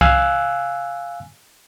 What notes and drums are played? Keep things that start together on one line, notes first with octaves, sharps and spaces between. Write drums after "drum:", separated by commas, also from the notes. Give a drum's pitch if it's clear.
F5 G#5 E6 F#6, drum: kick C2